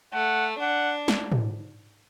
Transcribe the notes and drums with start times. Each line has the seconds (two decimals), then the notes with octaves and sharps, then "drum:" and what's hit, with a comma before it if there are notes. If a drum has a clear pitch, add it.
0.14 A3 F#5
0.61 D4 F#5
1.08 drum: snare
1.32 drum: tom